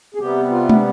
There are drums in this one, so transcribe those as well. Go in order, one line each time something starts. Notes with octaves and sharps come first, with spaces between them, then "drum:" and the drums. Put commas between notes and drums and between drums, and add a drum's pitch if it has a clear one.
G#4
C3 G3 B3 G4
F4
D4, drum: tom